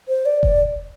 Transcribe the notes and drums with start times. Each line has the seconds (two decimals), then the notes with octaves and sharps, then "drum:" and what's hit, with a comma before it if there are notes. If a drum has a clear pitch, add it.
0.08 C5
0.26 D5
0.43 D5, drum: kick F1